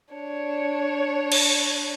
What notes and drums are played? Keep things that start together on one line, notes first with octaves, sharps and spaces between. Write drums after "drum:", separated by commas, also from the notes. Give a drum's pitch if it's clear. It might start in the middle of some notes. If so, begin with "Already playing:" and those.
D4 C#5
drum: cymbal